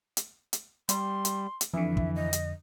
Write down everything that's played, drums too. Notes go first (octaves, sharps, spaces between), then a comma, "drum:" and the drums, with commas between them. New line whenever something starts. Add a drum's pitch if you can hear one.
drum: hi-hat
drum: hi-hat
G3 C6, drum: hi-hat
drum: hi-hat
drum: hi-hat
F2 D3 E3 E5
drum: kick
D#5
drum: hi-hat